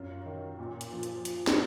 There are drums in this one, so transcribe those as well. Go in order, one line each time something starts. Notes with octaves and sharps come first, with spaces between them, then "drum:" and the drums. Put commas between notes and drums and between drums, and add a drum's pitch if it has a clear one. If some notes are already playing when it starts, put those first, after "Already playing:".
Already playing: F#2 F4
D#3
A#2
drum: hi-hat
F3
drum: hi-hat
drum: hi-hat
drum: snare